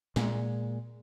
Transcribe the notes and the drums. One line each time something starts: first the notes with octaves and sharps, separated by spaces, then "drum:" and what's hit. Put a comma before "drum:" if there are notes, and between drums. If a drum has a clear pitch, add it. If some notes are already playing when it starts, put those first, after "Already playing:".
A#2 G#3, drum: snare